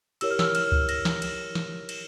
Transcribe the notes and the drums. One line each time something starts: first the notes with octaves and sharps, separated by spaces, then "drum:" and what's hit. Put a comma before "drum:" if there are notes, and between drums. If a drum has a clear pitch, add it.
E4 G4 A#4 C#5 E6, drum: cymbal
F6
E6, drum: snare
F6, drum: cymbal
drum: kick
A#6, drum: cymbal
drum: snare
drum: cymbal
drum: snare
drum: cymbal